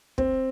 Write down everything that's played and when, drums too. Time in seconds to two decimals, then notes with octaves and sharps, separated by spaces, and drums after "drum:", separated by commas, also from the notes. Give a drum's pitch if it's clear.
0.18 C4, drum: kick